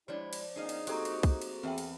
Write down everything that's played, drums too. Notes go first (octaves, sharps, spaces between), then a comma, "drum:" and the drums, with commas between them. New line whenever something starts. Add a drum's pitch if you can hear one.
F3 G3 G#3 D4 E4 C#5 D5
drum: cymbal
A#2 B3 C#4 D#4 G#4 D#5 F5
drum: cymbal
A3 A#3 C4 F#4 G4 A4 A#5, drum: cymbal
drum: cymbal
drum: kick, cymbal
drum: cymbal
E2 C4 E5 G5
drum: cymbal